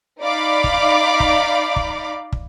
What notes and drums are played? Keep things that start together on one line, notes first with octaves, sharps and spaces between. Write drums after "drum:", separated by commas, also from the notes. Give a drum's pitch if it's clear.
D#4 D5 F5 B5 D6
drum: kick
drum: kick
drum: kick
drum: kick